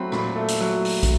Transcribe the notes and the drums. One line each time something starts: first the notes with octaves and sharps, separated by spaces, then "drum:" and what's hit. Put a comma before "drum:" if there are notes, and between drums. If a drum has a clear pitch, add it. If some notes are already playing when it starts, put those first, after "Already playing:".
Already playing: F#3 A3 C4 B5
A#2 B5, drum: rim click
A3
drum: hi-hat
F#3
drum: open hi-hat
drum: kick, hi-hat